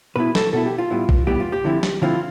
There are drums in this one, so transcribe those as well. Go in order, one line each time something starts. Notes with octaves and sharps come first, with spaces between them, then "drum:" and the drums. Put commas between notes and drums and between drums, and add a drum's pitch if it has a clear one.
B2 B3 E4 B4
A4, drum: snare
B2 B3 E4 A4
G4
F4
A2 G3 B3 E4
drum: kick A#1
A2 G3 B3 E4 G4
F4
G4
D3 F3 C4 E4
drum: snare
D3 F3 C4 E4 F4